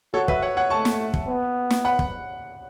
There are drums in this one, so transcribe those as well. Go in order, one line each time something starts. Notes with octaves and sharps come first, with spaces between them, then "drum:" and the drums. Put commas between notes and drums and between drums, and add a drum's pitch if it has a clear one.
F#4 A4 C#5
B4 E5, drum: kick
C#5 F#5
C#5 F#5
A3 A5 C#6
drum: snare
drum: kick
B3
drum: snare
F#5 B5
drum: kick